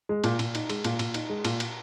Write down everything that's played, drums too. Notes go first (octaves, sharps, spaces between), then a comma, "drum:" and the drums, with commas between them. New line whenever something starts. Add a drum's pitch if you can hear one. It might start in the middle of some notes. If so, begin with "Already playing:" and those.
G#3
A#2, drum: cymbal
A#2, drum: cymbal
D#4, drum: cymbal
G#3, drum: cymbal
A#2, drum: cymbal
A#2, drum: cymbal
D#4, drum: cymbal
G#3
A#2, drum: cymbal
drum: cymbal